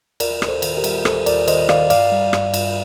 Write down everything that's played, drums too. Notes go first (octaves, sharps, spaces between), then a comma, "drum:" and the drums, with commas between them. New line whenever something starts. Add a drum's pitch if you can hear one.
D#2 A#4 D5, drum: cymbal
D#2, drum: rim click
A4 C5
D#3, drum: cymbal
G4 A#4
G3, drum: cymbal
D#2 A4 C5, drum: rim click
D#2 A#4 D5, drum: cymbal
D#3 C5 D#5, drum: cymbal
D#3 D5 F5, drum: rim click
G2 D5 F5, drum: cymbal
G3
G2, drum: rim click
G2, drum: cymbal